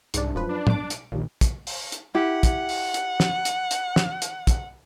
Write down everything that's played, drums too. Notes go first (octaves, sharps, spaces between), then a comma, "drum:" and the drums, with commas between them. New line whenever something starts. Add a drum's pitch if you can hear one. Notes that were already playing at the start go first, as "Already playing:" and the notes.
C2 G#2 D4, drum: hi-hat
D1 F#2 F3 B4
D4
B1 D6, drum: tom
drum: hi-hat
A#1 D#2 A#2
drum: kick, hi-hat
drum: open hi-hat
drum: hi-hat
E4 G4 F#5
drum: kick, hi-hat
drum: open hi-hat
drum: hi-hat
drum: snare
drum: hi-hat
drum: hi-hat
drum: snare
drum: hi-hat
drum: kick, hi-hat